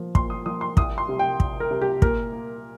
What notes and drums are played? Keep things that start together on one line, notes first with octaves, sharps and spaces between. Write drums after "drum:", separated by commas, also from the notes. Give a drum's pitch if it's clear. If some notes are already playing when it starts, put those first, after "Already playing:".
Already playing: A#2 F3 A#3
A#2 C6, drum: kick
D#6
F3 A#3 D#6
C6
C2 D#6, drum: kick
C6
C3 G3
G5
C2, drum: kick
A#4
C3 G3
G4
A#2 A#4, drum: kick
A#3